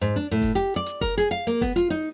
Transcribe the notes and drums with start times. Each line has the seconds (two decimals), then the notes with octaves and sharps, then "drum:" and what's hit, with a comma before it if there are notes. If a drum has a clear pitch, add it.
0.01 G#2
0.16 D4
0.31 A2
0.42 drum: kick F#1, open hi-hat
0.55 G4, drum: hi-hat
0.76 D5
0.86 drum: hi-hat
1.01 A#4, drum: kick F#1
1.17 G#4, drum: hi-hat
1.31 F5
1.47 A#3, drum: hi-hat
1.61 B3, drum: kick F#1, open hi-hat
1.76 F4, drum: hi-hat
1.90 D#4